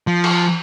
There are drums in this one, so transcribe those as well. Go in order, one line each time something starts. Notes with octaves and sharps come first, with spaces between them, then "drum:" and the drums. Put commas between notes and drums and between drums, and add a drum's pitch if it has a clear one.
F3
drum: cymbal